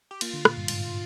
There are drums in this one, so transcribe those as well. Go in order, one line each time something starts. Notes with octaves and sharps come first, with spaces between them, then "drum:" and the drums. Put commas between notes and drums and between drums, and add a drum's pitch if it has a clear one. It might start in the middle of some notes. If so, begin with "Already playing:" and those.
G4
A#3 F4, drum: cymbal
D3
A#2, drum: rim click
G2
G#2, drum: cymbal